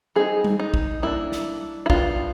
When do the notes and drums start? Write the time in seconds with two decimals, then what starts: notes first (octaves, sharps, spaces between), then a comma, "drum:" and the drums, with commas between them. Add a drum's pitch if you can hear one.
0.16 G3 C4 D#4 G#4
0.44 drum: tom G3
0.60 D#4
0.74 drum: kick
1.02 G3 A#3 D4 E4
1.32 drum: snare
1.86 E4
1.90 G3 B3 D4 F4, drum: kick